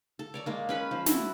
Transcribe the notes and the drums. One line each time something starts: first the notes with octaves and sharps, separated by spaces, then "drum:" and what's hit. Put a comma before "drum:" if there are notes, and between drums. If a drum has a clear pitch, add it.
A4
C#5 D5 A#5
G#3 A#3
C#4 B4 B5
F3
E4 F#4 A4, drum: snare